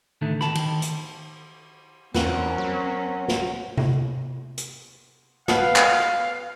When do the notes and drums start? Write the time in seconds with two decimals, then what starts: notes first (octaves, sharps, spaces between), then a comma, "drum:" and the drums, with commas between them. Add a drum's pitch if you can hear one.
0.21 A2 D3 D#3 A3
0.41 D#3 A5 B5, drum: rim click
0.55 D#3, drum: cymbal
0.82 drum: hi-hat
2.14 E2 C4 C#4 F#4 A#4, drum: snare
2.58 F#3
3.28 drum: snare
3.77 drum: tom C3
4.58 drum: hi-hat
5.48 B2 B3 B4 F5, drum: snare
5.76 drum: clap
6.00 drum: rim click